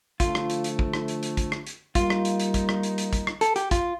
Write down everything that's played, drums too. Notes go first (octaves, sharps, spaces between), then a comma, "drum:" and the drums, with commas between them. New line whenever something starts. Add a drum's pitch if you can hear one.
D3 F3 A3 F4, drum: kick, hi-hat
drum: rim click
drum: hi-hat
drum: hi-hat
drum: kick
drum: rim click
drum: hi-hat
drum: hi-hat
drum: kick, hi-hat
drum: rim click
drum: hi-hat
G3 A#3 D#4 F4, drum: kick, hi-hat
drum: rim click
drum: hi-hat
drum: hi-hat
drum: kick, hi-hat
drum: rim click
drum: hi-hat
drum: hi-hat
drum: kick, hi-hat
drum: rim click
A4, drum: hi-hat
G4, drum: hi-hat
F4, drum: kick, hi-hat